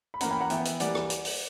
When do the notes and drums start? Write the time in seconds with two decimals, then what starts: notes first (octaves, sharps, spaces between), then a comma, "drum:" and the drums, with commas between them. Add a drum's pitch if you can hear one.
0.14 B5
0.20 E3 A#3 C#4 F#5 A#5, drum: hi-hat
0.31 G5 B5
0.41 F#5 A#5
0.50 E3 B3 E5 G5, drum: hi-hat
0.65 drum: hi-hat
0.80 E3 G3 A#3 D5 F#5, drum: hi-hat
0.95 drum: rim click
1.10 drum: hi-hat
1.25 drum: open hi-hat